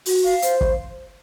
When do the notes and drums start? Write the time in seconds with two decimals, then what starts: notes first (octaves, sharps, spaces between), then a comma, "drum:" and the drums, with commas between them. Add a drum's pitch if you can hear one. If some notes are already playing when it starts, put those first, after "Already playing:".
0.06 F#4, drum: open hi-hat
0.25 F5
0.42 C5, drum: hi-hat
0.61 drum: kick